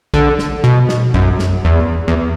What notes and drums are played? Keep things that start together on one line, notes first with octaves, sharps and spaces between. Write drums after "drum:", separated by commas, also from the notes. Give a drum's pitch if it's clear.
D3, drum: kick
drum: snare
B2
drum: snare
F#2, drum: kick
drum: snare
E2
E2